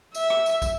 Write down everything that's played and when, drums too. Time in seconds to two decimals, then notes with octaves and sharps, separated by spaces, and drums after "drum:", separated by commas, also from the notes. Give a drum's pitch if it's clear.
0.15 E5, drum: tambourine
0.30 drum: rim click
0.46 drum: tambourine
0.62 drum: kick, tambourine